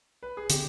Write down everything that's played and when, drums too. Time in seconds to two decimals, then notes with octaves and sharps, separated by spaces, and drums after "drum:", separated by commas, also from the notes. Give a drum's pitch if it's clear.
0.23 B4
0.37 G#4
0.50 D3 G4, drum: hi-hat